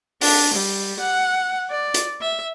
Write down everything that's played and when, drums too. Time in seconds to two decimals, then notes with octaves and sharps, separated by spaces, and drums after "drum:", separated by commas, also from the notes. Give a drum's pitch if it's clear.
0.21 D4, drum: open hi-hat
0.54 G3
1.00 F#5
1.70 D5
1.94 drum: hi-hat
2.21 E5